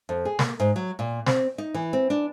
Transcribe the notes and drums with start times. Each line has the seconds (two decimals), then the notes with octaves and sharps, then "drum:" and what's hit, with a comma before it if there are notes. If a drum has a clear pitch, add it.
0.09 F2
0.25 G#4
0.39 A#3, drum: snare
0.60 G#2
0.76 F#3
0.99 A#2
1.26 C4, drum: snare
1.58 D#4
1.74 E3
1.93 C4
2.10 D4